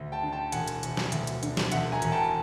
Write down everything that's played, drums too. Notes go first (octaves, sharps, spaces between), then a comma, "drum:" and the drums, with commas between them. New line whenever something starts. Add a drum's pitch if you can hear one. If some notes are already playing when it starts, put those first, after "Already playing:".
Already playing: D2
G5 A5
D3
G5 A5
E1 F#5 G#5, drum: hi-hat
drum: hi-hat
E1, drum: hi-hat
drum: snare
D2, drum: hi-hat
drum: hi-hat
D3, drum: hi-hat
drum: snare
E1 E5 F#5, drum: hi-hat
G#5 A#5
E1, drum: hi-hat
G5 A5